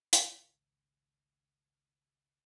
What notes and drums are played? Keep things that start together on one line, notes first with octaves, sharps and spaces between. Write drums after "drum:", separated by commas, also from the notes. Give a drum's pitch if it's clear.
G#1 C#2, drum: hi-hat